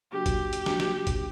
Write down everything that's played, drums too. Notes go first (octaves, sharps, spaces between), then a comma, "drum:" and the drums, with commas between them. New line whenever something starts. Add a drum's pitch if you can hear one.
C#3 F#3 A#3 D4 F#4 G4
drum: kick G#1, hi-hat
drum: hi-hat
C#3 F#3 A#3 D4 F#4, drum: snare
drum: snare
drum: kick G#1, hi-hat